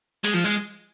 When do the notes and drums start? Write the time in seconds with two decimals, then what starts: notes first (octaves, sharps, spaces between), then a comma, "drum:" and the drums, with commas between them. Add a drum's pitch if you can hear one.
0.24 G#3, drum: open hi-hat
0.34 F3
0.45 G#3